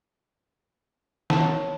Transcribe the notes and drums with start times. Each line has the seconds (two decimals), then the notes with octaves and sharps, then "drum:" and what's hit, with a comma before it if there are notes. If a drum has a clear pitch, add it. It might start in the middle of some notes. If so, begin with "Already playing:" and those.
1.30 C#5 A5, drum: snare